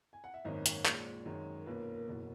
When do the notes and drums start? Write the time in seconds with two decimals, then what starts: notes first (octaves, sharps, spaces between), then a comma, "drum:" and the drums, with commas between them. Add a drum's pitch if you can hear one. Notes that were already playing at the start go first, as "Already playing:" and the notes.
0.13 G#5
0.24 F#5
0.34 E5
0.45 G#1 F#2 D#3 A#3 C#4 D#5
0.66 C#5, drum: hi-hat
0.86 A#1 A#2 G#3, drum: clap
1.26 F#2 D#3 G#3 C#4
1.58 A#4
1.66 B1 A#2 A#3 C#4 B4
1.80 A#4
1.93 A#4
2.07 F#1 E2 B2 F#3 A#4